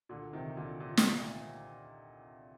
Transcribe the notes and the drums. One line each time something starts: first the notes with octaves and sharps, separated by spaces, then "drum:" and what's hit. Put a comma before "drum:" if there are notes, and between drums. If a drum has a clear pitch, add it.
A#2 D3
C3 D#3
A#2 D3
A#2
drum: snare